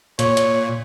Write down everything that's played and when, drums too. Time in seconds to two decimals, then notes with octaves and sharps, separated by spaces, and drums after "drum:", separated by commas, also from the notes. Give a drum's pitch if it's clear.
0.19 A#2 C#5, drum: hi-hat
0.37 drum: hi-hat